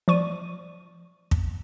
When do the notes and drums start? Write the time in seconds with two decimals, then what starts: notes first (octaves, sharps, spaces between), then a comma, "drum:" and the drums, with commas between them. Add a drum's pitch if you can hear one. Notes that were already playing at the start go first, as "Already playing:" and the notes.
0.08 F3 D5 C#6 D#7
1.31 drum: kick